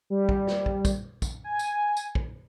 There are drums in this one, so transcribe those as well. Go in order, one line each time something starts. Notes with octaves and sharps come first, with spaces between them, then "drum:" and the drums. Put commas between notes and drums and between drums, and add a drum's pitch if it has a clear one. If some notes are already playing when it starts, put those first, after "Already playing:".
G3
drum: kick
drum: snare
drum: kick
drum: kick, tambourine
drum: kick, tambourine
G#5
drum: tambourine
drum: tambourine
drum: kick